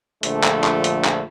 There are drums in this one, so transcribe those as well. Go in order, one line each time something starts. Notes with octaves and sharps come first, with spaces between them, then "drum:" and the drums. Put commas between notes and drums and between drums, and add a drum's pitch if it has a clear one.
A#1 D3 F3 A3, drum: hi-hat
drum: clap
drum: clap
drum: hi-hat
drum: clap